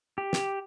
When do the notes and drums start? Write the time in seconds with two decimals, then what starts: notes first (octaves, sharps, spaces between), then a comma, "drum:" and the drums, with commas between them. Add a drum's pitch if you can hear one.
0.18 G4
0.33 drum: snare